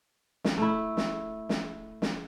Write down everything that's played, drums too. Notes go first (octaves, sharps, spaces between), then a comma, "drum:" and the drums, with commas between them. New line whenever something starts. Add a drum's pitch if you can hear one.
drum: snare
A3 E4
drum: snare
drum: snare
drum: snare